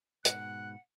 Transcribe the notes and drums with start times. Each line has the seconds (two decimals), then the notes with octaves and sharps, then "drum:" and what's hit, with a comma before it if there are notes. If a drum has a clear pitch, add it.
0.25 G#2 B2 F#5 F#6, drum: hi-hat